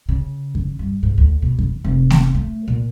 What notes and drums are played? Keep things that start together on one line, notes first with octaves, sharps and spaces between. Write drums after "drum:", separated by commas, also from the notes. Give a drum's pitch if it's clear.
C#3
drum: kick F2
G2
G#2
D2
B2
drum: kick F2
F1
drum: snare A3
A3
A#2